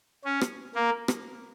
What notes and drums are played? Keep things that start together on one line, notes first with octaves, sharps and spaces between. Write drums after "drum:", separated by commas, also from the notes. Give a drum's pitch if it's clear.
C#4
drum: rim click
A#3
drum: rim click